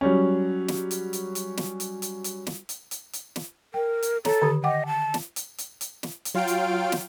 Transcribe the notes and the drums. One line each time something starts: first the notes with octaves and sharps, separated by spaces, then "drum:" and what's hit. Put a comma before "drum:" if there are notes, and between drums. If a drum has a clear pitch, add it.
F#3 G3 C#4
drum: snare
drum: hi-hat
drum: hi-hat
drum: hi-hat
drum: snare
drum: hi-hat
drum: hi-hat
drum: hi-hat
drum: snare
drum: hi-hat
drum: hi-hat
drum: hi-hat
drum: snare
A#4 G5
drum: hi-hat
A4 C#5 A#5, drum: snare
D3 D#3 G4
D#5 F#5 G5 D6
A5
drum: snare
drum: hi-hat
drum: hi-hat
drum: hi-hat
drum: snare
drum: hi-hat
F#3 F4 F5 G5 D7
drum: hi-hat
drum: snare